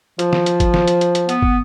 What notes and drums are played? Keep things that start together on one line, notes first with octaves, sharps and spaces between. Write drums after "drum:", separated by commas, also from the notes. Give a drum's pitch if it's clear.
F3, drum: hi-hat
drum: snare
drum: hi-hat
drum: kick, hi-hat
drum: snare
drum: hi-hat
drum: hi-hat
drum: hi-hat
B3, drum: hi-hat
drum: kick